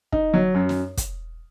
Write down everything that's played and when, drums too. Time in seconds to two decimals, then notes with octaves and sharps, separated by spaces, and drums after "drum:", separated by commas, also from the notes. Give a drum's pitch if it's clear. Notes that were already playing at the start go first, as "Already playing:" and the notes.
0.12 D#4, drum: kick
0.34 F#3
0.55 F#2
0.69 drum: snare
0.97 drum: kick, hi-hat